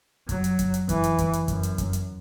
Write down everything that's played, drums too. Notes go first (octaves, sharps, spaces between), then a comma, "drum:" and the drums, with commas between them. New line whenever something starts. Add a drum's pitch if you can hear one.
F#3, drum: kick F#2, hi-hat
drum: hi-hat
drum: kick F#2, hi-hat
drum: hi-hat
E3, drum: kick F#2, hi-hat
drum: hi-hat
drum: kick F#2, hi-hat
drum: hi-hat
F#2, drum: kick F#2, hi-hat
drum: hi-hat
drum: kick F#2, hi-hat
drum: hi-hat